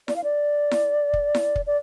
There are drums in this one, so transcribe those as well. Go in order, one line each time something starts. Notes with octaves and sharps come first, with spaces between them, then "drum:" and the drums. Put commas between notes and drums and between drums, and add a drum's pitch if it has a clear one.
D5, drum: snare E4
F5
D5
drum: snare E4
drum: kick
drum: snare E4
drum: kick
D5